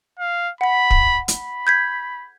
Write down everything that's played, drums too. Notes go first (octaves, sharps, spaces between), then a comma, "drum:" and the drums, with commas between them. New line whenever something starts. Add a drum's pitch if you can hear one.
F5
F#5 B5 B6
drum: kick
B5, drum: hi-hat
G6 G#6 B6